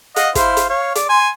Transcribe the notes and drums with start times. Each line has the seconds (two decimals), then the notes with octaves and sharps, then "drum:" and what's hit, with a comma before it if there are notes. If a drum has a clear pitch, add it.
0.16 D#5 F5 F#5, drum: hi-hat
0.35 E4 C5 F5, drum: kick, hi-hat
0.57 drum: hi-hat
0.70 C#5 F5
0.95 D5, drum: hi-hat
1.09 G#5 C6